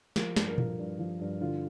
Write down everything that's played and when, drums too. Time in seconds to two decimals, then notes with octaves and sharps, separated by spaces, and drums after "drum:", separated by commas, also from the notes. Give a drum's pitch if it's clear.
0.16 F3 A#4, drum: snare
0.36 G2, drum: snare
0.48 A#4
0.58 F3, drum: tom A#2
0.79 G2
0.99 F3
1.21 G2
1.41 D3 F4